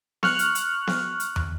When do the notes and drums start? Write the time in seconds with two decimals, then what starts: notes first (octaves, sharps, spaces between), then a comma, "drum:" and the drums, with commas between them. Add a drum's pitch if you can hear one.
0.23 C#6 F6 F#6, drum: snare B3
0.39 drum: hi-hat
0.55 drum: hi-hat
0.87 drum: snare B3
1.20 drum: hi-hat
1.36 drum: tom